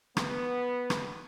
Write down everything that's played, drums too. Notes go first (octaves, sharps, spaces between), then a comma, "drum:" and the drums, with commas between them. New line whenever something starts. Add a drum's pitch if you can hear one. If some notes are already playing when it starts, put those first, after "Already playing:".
B3, drum: rim click
drum: rim click